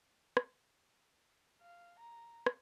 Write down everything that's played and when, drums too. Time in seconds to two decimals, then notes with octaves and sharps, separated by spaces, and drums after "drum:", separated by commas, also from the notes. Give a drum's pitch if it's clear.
0.37 drum: rim click
1.62 F5
2.00 A#5
2.46 drum: rim click